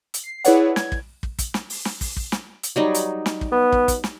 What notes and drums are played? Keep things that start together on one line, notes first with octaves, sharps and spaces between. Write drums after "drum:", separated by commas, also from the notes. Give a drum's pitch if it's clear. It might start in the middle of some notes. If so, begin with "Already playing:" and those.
drum: hi-hat
C7
E4 G#4 B4 C#5 D5 F#5, drum: hi-hat
G#6, drum: snare
drum: kick
drum: kick
drum: kick, hi-hat
drum: snare
drum: open hi-hat
drum: snare
drum: kick, open hi-hat
drum: kick
drum: snare
drum: hi-hat
F#3 G3 D#4
drum: hi-hat
drum: snare
drum: kick
B3
drum: kick
drum: kick, hi-hat
drum: snare